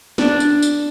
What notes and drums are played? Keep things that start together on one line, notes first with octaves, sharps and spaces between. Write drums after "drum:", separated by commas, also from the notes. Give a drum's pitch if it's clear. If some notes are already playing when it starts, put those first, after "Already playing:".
D4, drum: snare
drum: tambourine
drum: tambourine